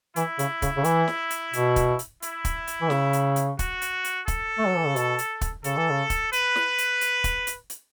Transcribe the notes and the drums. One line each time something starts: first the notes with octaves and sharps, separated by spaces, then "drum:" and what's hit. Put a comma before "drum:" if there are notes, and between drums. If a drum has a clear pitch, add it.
E3 E4, drum: hi-hat
C#3, drum: hi-hat
C#3, drum: kick, hi-hat
C#3
E3, drum: hi-hat
drum: snare
drum: hi-hat
B2, drum: hi-hat
drum: kick, hi-hat
drum: hi-hat
E4, drum: hi-hat
drum: kick, hi-hat
drum: hi-hat
E3
C#3, drum: snare
drum: hi-hat
drum: hi-hat
F#4, drum: kick, hi-hat
drum: hi-hat
drum: hi-hat
A4, drum: kick, hi-hat
A3
F#3
E3
C#3
B2, drum: hi-hat
drum: hi-hat
drum: kick, hi-hat
C#3 A4, drum: hi-hat
E3
C#3
drum: kick, hi-hat
B4, drum: hi-hat
drum: snare
drum: hi-hat
drum: hi-hat
drum: kick, hi-hat
drum: hi-hat
drum: hi-hat